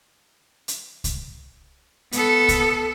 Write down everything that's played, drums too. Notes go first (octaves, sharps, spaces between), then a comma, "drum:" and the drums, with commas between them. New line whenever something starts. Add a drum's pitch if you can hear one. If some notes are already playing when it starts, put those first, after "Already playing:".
drum: hi-hat
drum: kick C2, hi-hat
B3 A4, drum: hi-hat
drum: kick C2, hi-hat